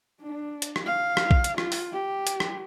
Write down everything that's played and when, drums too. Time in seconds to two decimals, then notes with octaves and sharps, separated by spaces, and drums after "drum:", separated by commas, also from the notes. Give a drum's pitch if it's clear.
0.21 D4
0.62 drum: hi-hat
0.76 drum: rim click
0.86 F5
1.17 drum: rim click
1.31 drum: kick A#1
1.44 drum: hi-hat
1.58 F4, drum: rim click
1.72 drum: open hi-hat
1.92 G4
2.27 drum: hi-hat
2.40 drum: rim click